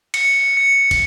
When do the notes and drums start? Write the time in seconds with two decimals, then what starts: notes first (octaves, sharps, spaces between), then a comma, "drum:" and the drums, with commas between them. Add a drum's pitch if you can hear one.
0.14 C#7, drum: cymbal
0.57 C#7
0.91 drum: kick, cymbal